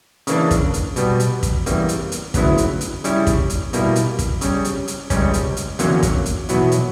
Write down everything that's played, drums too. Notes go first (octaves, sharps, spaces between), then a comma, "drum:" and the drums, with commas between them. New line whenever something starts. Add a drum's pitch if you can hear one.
C#3 E3 A#3 D4, drum: hi-hat
drum: kick, hi-hat
drum: hi-hat
B2 G3 B3, drum: hi-hat
drum: hi-hat
drum: kick, hi-hat
E2 C#3 E3 G3 A#3, drum: hi-hat
drum: hi-hat
drum: hi-hat
D2 C#3 F#3 B3 E4, drum: kick, hi-hat
drum: hi-hat
drum: hi-hat
C#3 G3 C#4 E4, drum: hi-hat
drum: kick, hi-hat
drum: hi-hat
B2 G3 A#3 E4, drum: hi-hat
drum: hi-hat
drum: kick, hi-hat
C#3 G3 C#4, drum: hi-hat
drum: hi-hat
drum: hi-hat
C#2 C#3 G3 C#4, drum: kick, hi-hat
drum: hi-hat
drum: hi-hat
E2 D3 F#3 A#3 C#4, drum: hi-hat
drum: kick, hi-hat
drum: hi-hat
E2 B2 F#3 B3 E4, drum: hi-hat
drum: hi-hat